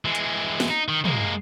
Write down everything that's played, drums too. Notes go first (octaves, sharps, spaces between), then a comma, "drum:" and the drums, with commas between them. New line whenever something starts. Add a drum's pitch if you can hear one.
E3 G#3
drum: hi-hat
drum: snare
D#4
D#3
G#3 A#3, drum: tom